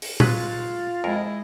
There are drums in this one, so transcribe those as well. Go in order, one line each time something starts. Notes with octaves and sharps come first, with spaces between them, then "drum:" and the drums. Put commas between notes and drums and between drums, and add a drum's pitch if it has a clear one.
drum: open hi-hat
F#3 G#3 F4 B4, drum: tom A#2
F2 G#3 E4 A#4 D#5